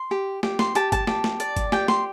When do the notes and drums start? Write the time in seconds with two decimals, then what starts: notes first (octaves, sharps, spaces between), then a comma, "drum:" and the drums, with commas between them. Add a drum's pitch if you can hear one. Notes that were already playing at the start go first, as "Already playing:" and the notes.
Already playing: C6
0.11 G4
0.43 G4, drum: snare
0.59 C6, drum: snare
0.75 G4 A5, drum: hi-hat
0.92 A5, drum: kick, hi-hat
1.07 G4, drum: snare
1.24 drum: snare
1.40 D5, drum: hi-hat
1.57 drum: kick, hi-hat
1.72 G4 G5, drum: snare
1.88 C6, drum: snare